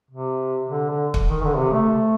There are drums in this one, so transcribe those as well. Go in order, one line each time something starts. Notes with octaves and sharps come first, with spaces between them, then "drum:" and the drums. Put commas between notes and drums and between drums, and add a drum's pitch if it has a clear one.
C3
D3
D3
drum: kick
D#3
D3
C3
A3